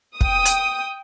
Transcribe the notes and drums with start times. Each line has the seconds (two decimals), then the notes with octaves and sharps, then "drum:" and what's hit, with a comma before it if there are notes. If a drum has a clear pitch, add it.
0.21 G5 D#6, drum: kick
0.45 drum: hi-hat